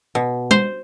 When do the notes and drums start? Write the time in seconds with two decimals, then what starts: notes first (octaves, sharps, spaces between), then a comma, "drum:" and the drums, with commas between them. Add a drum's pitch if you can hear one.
0.15 B2
0.51 C5, drum: tom G3